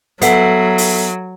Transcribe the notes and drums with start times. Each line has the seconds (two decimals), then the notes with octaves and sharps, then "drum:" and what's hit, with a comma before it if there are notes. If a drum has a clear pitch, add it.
0.22 F#3 B3 A4 E5 C7, drum: hi-hat
0.78 drum: open hi-hat